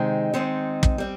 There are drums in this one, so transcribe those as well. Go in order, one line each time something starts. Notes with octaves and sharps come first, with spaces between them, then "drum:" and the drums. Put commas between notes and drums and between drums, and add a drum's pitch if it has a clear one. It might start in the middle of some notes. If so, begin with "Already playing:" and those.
Already playing: C3 D#3 G#3 C4 D#4
D#3 G#3 C4 D#4
drum: kick
G3 C4